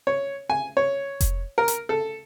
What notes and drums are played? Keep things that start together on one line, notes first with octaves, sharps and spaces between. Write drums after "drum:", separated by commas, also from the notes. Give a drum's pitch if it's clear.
C#5
G#5
C#5
drum: kick F1, hi-hat
A#4
drum: hi-hat
A4